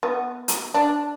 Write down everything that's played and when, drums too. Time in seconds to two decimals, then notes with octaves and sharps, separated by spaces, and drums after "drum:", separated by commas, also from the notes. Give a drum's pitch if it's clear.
0.03 B3
0.48 drum: hi-hat
0.74 D4